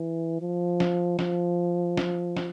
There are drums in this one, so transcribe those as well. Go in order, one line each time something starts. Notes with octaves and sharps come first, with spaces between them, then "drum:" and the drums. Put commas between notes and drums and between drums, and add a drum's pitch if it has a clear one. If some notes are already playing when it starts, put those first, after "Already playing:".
Already playing: E3
F3
drum: snare
F3, drum: snare
drum: snare
drum: snare